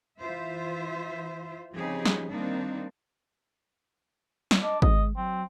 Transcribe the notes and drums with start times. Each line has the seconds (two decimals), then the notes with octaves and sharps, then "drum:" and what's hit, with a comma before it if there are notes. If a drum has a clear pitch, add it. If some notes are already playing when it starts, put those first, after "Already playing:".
0.18 E3 F4 C5 E5
1.75 C#3 F3 C4 D#4 G4 G#4
2.05 drum: snare
2.29 D#3 G3 A#3 C4 D4 D#4
4.51 drum: snare
4.62 D4 D#5
4.82 G#3 D#5, drum: kick G#1
5.16 F#3 C4